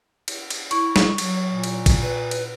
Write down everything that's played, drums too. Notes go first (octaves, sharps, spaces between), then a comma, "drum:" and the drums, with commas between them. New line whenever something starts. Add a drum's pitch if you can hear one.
drum: cymbal
drum: cymbal
E4 C#6, drum: cymbal
drum: snare
F#3, drum: cymbal
A#2
drum: cymbal
drum: kick, cymbal
B4
drum: cymbal